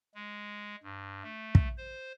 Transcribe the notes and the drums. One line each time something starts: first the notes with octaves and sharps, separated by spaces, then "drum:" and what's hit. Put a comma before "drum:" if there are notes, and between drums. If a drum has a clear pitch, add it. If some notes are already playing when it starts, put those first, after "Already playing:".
G#3
G2
A3
drum: kick
C5